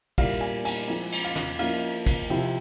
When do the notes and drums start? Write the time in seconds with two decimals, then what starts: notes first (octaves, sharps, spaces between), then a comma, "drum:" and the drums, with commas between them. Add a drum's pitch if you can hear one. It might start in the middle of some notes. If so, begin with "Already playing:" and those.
0.18 A#2 G3 A#3 E4 F5, drum: kick, cymbal
0.41 G#5
0.65 G#5, drum: cymbal
0.88 F3 G#3 C4 E4 G#5
1.12 drum: cymbal
1.24 F5
1.36 drum: snare
1.59 F3 A#3 C#4 E4 F5, drum: cymbal
2.06 drum: kick, cymbal
2.30 C3 F3 C4 E4 G5